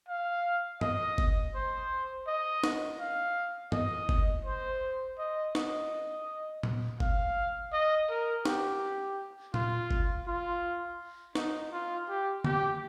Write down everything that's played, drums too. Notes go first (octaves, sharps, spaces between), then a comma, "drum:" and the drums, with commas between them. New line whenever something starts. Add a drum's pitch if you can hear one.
F5
D#5, drum: tom G2
drum: kick G1
C5
D#5
drum: snare
F5
D#5, drum: tom G2
drum: kick G1
C5
D#5
D#5, drum: snare
drum: tom A#2
F5, drum: kick G1
D#5
A#4
G4, drum: snare
F4, drum: tom A#2
drum: kick G1
F4
D#4, drum: snare
F4
G4
G4, drum: tom D3